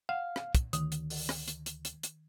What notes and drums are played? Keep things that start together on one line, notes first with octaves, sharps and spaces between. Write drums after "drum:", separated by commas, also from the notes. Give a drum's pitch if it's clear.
F5 F#5
drum: rim click
drum: kick, hi-hat
D2 D#3, drum: hi-hat
drum: hi-hat
drum: open hi-hat
drum: rim click
drum: hi-hat
drum: hi-hat
drum: hi-hat
drum: hi-hat